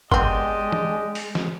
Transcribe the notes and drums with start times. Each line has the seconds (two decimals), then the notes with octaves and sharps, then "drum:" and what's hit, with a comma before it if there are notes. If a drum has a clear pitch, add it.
0.12 G#3 B3 C4 D4 G4 D#5 C6, drum: kick G1
0.72 drum: tom
1.15 drum: open hi-hat
1.35 drum: snare